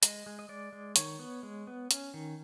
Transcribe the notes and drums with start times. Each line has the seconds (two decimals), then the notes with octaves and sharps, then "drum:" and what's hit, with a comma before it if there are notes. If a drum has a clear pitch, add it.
0.03 G#3 D#5, drum: hi-hat
0.26 G#3
0.39 D#5
0.49 G#3 D5
0.73 G#3
0.96 D#3 C#5, drum: hi-hat
1.19 B3
1.43 G#3
1.67 B3
1.91 C#4, drum: hi-hat
2.14 D#3